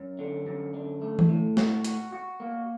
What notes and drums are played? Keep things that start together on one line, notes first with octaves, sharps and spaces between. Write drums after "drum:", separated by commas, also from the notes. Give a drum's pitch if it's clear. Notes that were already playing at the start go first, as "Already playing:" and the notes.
Already playing: F#2
D3
F#2
D3
A3
drum: tom E3
A2
F#4, drum: snare
F#4, drum: hi-hat
F#4
A#3